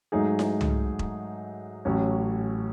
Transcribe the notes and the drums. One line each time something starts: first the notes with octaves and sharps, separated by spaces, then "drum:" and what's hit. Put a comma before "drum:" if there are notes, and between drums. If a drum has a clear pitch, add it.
G#2 F#3 A3 D#4 G#4
drum: snare E4
drum: tom
drum: kick E1
A1 A2 F#3 C#4